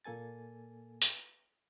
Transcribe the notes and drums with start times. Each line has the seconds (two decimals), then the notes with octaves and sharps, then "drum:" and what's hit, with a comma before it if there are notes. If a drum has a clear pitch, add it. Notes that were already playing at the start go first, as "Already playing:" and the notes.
0.04 A#2 A#3 A4 G#5 A6
1.02 drum: hi-hat